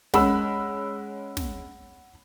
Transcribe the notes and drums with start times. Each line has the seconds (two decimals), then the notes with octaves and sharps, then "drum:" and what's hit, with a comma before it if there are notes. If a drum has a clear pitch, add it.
0.14 G#3 C#4 F#5 B5 E6, drum: snare
1.37 drum: snare